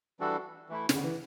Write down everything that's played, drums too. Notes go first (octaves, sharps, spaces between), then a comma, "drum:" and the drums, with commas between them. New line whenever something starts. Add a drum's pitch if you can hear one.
E3 G3 D4 F#4 A4
E3 A3 E4
C#3, drum: snare
D3
E3